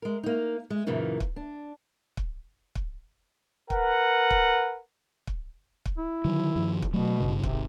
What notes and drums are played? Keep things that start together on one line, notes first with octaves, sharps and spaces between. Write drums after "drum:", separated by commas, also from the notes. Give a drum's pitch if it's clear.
G#3 A#4
A#3 D#4
G#3
F#2 A#2 C#3 E3 A#3 D#4
drum: kick
D4
drum: kick
drum: kick
A#4 B4 F#5, drum: kick
drum: kick
drum: kick
drum: kick
E4
D3 D#3 F#3
G2 D#3 F3
drum: kick
B2 F#3 A3
G#1 G2 C#3
D1 G#1 C3, drum: kick